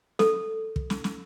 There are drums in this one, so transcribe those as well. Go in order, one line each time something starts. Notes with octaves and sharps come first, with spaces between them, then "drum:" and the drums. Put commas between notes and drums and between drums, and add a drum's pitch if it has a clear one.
A4, drum: snare
drum: kick
drum: snare
drum: snare